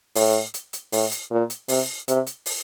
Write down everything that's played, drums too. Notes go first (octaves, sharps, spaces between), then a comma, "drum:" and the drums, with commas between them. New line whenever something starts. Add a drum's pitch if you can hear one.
A2, drum: open hi-hat
drum: hi-hat
drum: hi-hat
A2, drum: open hi-hat
drum: hi-hat
A#2
drum: hi-hat
C3, drum: open hi-hat
C3, drum: hi-hat
drum: hi-hat
drum: open hi-hat